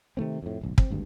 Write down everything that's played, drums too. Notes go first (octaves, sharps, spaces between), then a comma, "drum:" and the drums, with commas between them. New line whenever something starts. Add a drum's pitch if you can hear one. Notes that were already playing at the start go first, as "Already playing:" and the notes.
C3 D#3 A3 C4
F2 A2
D1 B1
C4, drum: kick
G#1 D2 G2